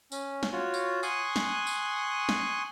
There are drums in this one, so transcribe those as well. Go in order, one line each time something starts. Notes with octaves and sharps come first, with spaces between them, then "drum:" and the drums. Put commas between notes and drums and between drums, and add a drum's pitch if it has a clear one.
C#4, drum: tambourine
drum: snare
F4 F#4 C#5
drum: tambourine
G#5 C6 C#6 D#6 F#6, drum: tambourine
drum: snare
drum: tambourine
drum: snare